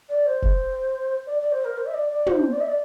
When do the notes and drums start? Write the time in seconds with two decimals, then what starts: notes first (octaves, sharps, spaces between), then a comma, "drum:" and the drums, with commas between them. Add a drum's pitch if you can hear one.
0.09 D5
0.26 C5
0.42 drum: kick
1.26 D5
1.39 D5
1.51 C5
1.64 A#4
1.77 C5
1.86 E5
1.93 D5
2.10 D5
2.26 C5, drum: tom
2.52 D5
2.60 E5
2.68 D5